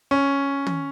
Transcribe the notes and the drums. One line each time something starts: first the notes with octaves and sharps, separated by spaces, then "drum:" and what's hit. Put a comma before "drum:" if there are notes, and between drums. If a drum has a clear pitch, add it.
C#4
drum: tom